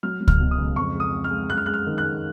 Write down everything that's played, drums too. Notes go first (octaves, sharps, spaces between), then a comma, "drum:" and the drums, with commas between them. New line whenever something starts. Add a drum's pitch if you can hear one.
F#3 F6
F#3
F6, drum: kick C#2
B2
D#6
C#2
F2 C#6
G#3
D#6
G#3
F6
G#3
F#2 F#6
F6
G#3 F#6
F6
D#3
F#6
G#3